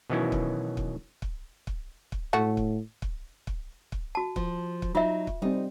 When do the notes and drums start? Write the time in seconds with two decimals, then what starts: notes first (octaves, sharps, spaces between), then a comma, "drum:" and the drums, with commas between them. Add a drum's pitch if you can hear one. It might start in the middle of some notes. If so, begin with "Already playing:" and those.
0.10 B2 D#3 E3 F#3 C#4 E4
0.32 drum: kick
0.77 drum: kick
1.22 drum: kick
1.67 drum: kick
2.12 drum: kick
2.33 A2 A3 F#4
2.57 drum: kick
3.02 drum: kick
3.47 drum: kick
3.92 drum: kick
4.15 F#4 A5
4.36 F3, drum: kick
4.82 drum: kick
4.95 F#3 D#4 F4 E5
5.27 drum: kick
5.42 G3 C4 D#4